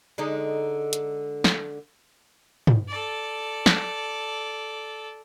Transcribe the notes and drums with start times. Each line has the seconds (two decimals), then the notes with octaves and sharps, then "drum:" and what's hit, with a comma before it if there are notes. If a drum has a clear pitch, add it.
0.18 D3 G#3 D#4
0.93 drum: hi-hat
1.44 drum: snare
2.67 drum: tom
2.89 A4 D5
3.66 drum: snare